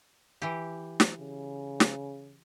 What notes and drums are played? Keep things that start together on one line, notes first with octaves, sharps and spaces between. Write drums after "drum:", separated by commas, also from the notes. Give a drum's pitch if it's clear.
E3 G4
drum: snare
C#3
drum: snare